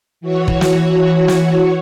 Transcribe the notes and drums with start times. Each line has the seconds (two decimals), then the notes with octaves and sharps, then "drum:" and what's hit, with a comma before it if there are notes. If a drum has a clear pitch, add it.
0.21 E3 F#4 C#5
0.48 drum: kick
0.61 drum: snare
1.28 drum: snare